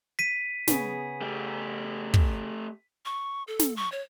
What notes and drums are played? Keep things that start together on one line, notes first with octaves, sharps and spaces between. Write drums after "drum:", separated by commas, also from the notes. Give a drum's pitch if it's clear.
B6 D#7
C#3 B3 G#4, drum: snare
A3 G4
drum: kick
C#6
A4
drum: snare
C#6
C#5